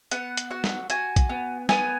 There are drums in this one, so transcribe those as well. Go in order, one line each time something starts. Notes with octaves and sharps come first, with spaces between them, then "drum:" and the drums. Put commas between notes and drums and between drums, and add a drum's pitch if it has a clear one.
B3 F#5, drum: hi-hat
drum: hi-hat
F#4 F#5
drum: snare
F#4 G#5, drum: hi-hat
drum: kick A#1, hi-hat
B3
B3 G#5, drum: snare